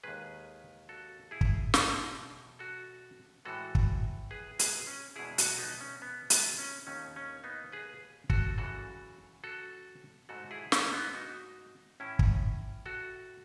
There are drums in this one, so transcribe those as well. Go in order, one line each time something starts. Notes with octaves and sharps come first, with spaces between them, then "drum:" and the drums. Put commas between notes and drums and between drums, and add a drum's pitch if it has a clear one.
D#2 D#3 G#3 G#4 B4
F#4 A4
E4 G#4
drum: kick
E2 B2 F#3, drum: snare
F#4 A4
A2 E3 G#3 F#4 A4
drum: kick
G#4 B4
G#4 B4, drum: hi-hat
C#4
E2 B2 G#3 E4 G#4
F#4 A4, drum: hi-hat
B3 D#4
C#4
B3
B3, drum: hi-hat
C#4
D#2 D#3 A3 C#4
C#4
B3 D#4
G#4 B4
F#4 A4, drum: kick
F#2 C#3 E3 G#3 F#4 A4
F#4 A4
G#2 F#3 A3 F#4 A4
E4 G#4
C#4 E4, drum: snare
B3 D#4
D#4 F#4
A2 E3 A3 C#4 E4
drum: kick
F#4 A4